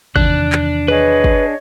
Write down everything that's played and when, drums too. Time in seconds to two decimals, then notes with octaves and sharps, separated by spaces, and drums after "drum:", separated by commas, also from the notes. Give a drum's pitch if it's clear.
0.16 E2 C3 D#3 D4 F#6, drum: kick
0.52 drum: clap
0.88 G#4 B4 C#5 D#5
1.24 drum: kick